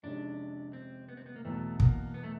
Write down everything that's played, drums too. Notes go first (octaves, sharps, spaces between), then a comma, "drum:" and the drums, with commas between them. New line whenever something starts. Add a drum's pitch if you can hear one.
F2 C3 D#3 G#3 C#4 D4
C4
B3
C4
B3
A#3
E2 B2 F#3 A3
A#3, drum: kick
B3
A3